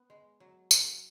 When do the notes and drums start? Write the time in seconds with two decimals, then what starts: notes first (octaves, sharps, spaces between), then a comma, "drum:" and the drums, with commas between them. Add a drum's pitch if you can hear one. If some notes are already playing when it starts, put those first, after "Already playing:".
Already playing: B3
0.10 G#3
0.40 F#3
0.71 F#3, drum: tambourine